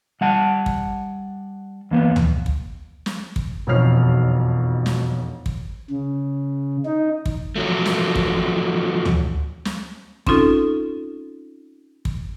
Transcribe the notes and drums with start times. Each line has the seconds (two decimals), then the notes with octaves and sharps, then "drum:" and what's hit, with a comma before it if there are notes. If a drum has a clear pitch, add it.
0.21 G3 F#5 A5
0.66 drum: kick
1.91 E2 A#3 B3
2.16 drum: tom
2.46 drum: kick
3.06 drum: snare
3.36 drum: kick
3.67 E1 B1 F2 C#5 F6 C7
4.86 drum: snare
5.46 drum: kick
5.91 C#3
6.85 D#4
7.26 drum: kick
7.56 F3 F#3 A3
7.86 drum: snare
8.15 drum: kick
9.05 drum: tom
9.65 drum: snare
10.27 C4 C#4 D#4 F4 A4, drum: kick
12.05 drum: kick